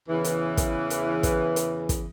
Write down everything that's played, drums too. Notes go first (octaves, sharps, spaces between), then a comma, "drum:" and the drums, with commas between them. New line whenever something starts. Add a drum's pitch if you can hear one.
E2 C#3 E3
drum: hi-hat
drum: kick, hi-hat
drum: hi-hat
drum: kick, hi-hat
drum: hi-hat
drum: kick, hi-hat